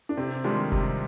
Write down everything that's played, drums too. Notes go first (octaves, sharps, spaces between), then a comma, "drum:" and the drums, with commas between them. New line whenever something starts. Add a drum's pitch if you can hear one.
D4
C3 C4
D#3 G3 G#3 D4 F4
C3, drum: kick F1